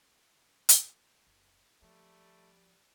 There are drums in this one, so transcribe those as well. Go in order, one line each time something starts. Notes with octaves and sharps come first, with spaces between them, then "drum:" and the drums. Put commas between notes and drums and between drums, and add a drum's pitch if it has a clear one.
drum: hi-hat
F#1
F3 G3 A3